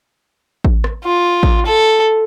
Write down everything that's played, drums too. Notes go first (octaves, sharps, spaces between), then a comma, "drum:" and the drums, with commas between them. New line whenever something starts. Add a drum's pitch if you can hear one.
drum: kick A1
drum: rim click
F4
drum: kick A1
A4